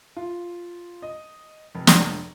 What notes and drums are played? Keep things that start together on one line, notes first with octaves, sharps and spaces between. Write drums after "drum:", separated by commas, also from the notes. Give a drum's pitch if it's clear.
F4
D#5
F1
drum: snare